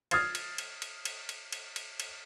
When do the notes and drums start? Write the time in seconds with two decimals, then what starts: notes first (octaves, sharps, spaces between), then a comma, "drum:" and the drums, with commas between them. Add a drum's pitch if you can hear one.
0.11 D#6 F6 G#6 A6 C7, drum: cymbal
0.35 drum: cymbal
0.58 drum: cymbal
0.82 drum: cymbal
1.05 drum: cymbal
1.29 drum: cymbal
1.52 drum: cymbal
1.76 drum: cymbal
2.00 drum: cymbal